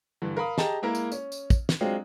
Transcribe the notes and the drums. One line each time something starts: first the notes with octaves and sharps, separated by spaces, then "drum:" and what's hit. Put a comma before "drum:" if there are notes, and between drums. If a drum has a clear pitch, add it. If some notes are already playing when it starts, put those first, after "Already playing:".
G2 D3 E3
A#4 F5 B5 D#6
G4 G#4 D#5 A5 A#5, drum: snare
G#3 A#3 E4 A#4
drum: tambourine
C#4, drum: tambourine
drum: tambourine
drum: kick, tambourine
drum: snare
F#3 G#3 C4 D4 F4